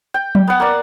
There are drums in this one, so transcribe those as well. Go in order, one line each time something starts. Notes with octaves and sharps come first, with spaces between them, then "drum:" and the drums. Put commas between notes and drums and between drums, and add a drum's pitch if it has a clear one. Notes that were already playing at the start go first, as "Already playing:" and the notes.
G5
drum: tom F#3
B3 F#5
A#3 D5